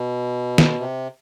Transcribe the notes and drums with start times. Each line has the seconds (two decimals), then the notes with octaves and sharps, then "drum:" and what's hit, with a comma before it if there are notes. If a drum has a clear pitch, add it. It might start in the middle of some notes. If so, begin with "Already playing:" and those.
Already playing: B2
0.58 drum: snare
0.80 C3